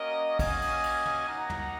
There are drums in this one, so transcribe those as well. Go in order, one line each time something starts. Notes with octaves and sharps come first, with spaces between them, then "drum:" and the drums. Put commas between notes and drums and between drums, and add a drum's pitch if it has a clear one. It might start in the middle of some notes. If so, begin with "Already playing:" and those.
Already playing: A#3 C#4 F#4 A#4 D#5
D#5 G#5, drum: kick, cymbal
drum: cymbal
drum: cymbal
drum: tom
A#3 D#4 F#4 F#5 A#5
drum: tom